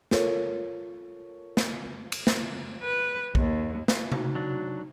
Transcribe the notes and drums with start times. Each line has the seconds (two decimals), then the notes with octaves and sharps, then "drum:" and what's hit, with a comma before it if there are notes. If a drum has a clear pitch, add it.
0.11 F4 A4 A#4 C#5, drum: snare
1.57 drum: snare
2.12 drum: cymbal
2.27 drum: snare
2.83 B4
3.35 D#2, drum: kick
3.88 drum: snare
4.12 D#4 F#4, drum: tom C3
4.35 F#3 D4